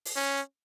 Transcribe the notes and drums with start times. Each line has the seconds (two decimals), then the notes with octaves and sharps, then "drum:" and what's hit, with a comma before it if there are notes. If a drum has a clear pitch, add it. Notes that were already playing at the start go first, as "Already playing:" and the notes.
0.05 drum: open hi-hat
0.16 C#4